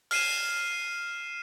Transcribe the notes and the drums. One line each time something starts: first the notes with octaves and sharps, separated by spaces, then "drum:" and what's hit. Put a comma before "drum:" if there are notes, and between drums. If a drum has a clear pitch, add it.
F6 C7 D#7 E7, drum: open hi-hat